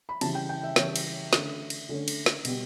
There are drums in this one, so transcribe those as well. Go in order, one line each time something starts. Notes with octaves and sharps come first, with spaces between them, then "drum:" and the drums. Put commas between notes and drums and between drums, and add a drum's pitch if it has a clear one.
B5
C#3 E3 G3 A5, drum: cymbal
G5
G5
E5
C#3 E3 G3 C#5, drum: snare
drum: cymbal
D3 A3 C#4, drum: snare
drum: cymbal
D3 A3 C#4
drum: cymbal
drum: snare
B2 G3 B3, drum: cymbal